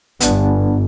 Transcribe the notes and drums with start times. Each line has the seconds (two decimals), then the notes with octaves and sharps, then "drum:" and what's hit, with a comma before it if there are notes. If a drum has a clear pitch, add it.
0.20 G1 B3 D4, drum: hi-hat